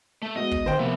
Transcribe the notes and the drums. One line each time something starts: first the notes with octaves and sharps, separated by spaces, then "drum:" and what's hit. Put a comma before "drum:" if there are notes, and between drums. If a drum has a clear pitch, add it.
A3
G#3 B3 F#4 D#5
drum: kick
D3 D#3 C5 G5
C3 F3 A#3 B3 E5